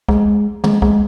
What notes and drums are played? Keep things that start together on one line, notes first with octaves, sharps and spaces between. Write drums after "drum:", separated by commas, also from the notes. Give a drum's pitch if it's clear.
G#3, drum: kick
G#3, drum: tom
G#3, drum: kick